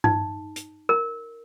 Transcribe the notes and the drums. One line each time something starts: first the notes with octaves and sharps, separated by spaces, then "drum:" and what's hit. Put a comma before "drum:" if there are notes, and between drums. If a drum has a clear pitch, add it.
D#4, drum: tom G2
drum: hi-hat
A#4